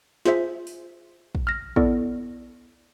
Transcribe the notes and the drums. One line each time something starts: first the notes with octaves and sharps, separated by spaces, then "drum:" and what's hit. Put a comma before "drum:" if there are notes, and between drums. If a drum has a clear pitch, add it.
F4 G#4 C5 E5, drum: snare
drum: open hi-hat
drum: kick
F6 A#6
B3 E4 A4 D5, drum: kick